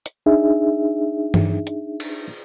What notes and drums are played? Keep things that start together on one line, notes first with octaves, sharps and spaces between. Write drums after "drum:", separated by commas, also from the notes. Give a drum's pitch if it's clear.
drum: hi-hat
D4 D#4 G#4 E5
drum: tom
drum: hi-hat
drum: cymbal